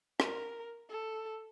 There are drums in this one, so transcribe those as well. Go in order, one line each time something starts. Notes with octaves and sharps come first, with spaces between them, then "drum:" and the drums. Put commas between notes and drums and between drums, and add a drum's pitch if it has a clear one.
A#4, drum: rim click
A4